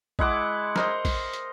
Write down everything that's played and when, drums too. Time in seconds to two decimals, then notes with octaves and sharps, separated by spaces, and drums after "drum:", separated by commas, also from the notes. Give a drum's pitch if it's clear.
0.19 G#3 E4 F#5 D6, drum: kick A#1
0.76 A#4 C5 D#5, drum: snare
1.05 drum: kick A#1, open hi-hat
1.33 drum: hi-hat